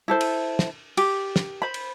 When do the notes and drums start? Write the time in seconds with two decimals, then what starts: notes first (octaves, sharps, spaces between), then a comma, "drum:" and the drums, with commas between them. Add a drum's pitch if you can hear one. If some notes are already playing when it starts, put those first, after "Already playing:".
0.08 E4 A4 C5
0.21 drum: cymbal
0.59 drum: snare
0.97 G4, drum: cymbal
1.36 drum: snare
1.62 C5 B5
1.74 drum: cymbal